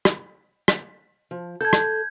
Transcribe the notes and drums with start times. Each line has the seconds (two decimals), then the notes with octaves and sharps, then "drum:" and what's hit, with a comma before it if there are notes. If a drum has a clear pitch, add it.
0.05 drum: rim click
0.68 drum: rim click
1.31 F3
1.61 A4 A5 G6 G#6
1.73 drum: rim click